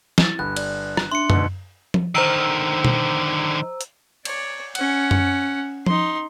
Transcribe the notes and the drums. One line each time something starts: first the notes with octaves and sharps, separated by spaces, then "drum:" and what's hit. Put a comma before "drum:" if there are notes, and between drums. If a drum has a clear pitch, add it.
E4 A6, drum: snare
G1 B5 F#6
D5, drum: cymbal
drum: rim click
D4 E5 C6 C#7
D2 B2 D#4, drum: tom F#2
drum: tom F3
D3 D#3 C5 A#5 E6
drum: tom B2
drum: hi-hat
C#5 D5, drum: cymbal
C#4 F#5, drum: cymbal
drum: tom F#2
D#4 C6, drum: tom F3